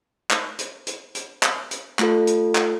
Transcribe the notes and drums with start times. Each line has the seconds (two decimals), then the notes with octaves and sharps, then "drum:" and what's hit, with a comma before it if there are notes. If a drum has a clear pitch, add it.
0.31 drum: clap
0.59 drum: hi-hat
0.87 drum: hi-hat
1.15 drum: hi-hat
1.43 drum: clap
1.71 drum: hi-hat
1.99 A3 F4 A4, drum: clap
2.27 drum: hi-hat
2.55 drum: clap